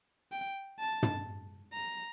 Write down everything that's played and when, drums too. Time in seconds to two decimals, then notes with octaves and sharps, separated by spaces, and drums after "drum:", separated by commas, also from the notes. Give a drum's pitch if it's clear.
0.32 G5
0.79 A5
1.03 drum: tom
1.73 A#5